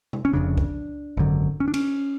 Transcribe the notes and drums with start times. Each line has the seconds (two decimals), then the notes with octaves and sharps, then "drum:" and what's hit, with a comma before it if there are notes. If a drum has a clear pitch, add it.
0.13 drum: tom C3
0.25 C#4
0.33 F1 F2 C#3 D4
0.58 drum: kick C2
1.17 G#1 F#2 D3
1.60 C#4
1.68 D4
1.74 C#4, drum: cymbal